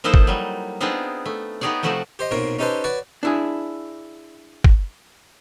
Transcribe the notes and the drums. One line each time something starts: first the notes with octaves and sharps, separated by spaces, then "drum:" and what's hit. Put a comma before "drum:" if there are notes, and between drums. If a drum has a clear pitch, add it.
F3 A#3 D#4 E4 A4 C5
drum: kick
F#3 G3
B3 C4 D4 D#4 F4 G#4
A3
B3 D#4 G4 G#4 C#5 D5
C3 F3 A3 F#4 D5 A5
G4 C5 D#5
B1 A#2 C4 A#4 C#5
C#4 D#4 G4 A4 B4 C5
F#4 B4 C#5 D5
D4 E4 G#4
drum: kick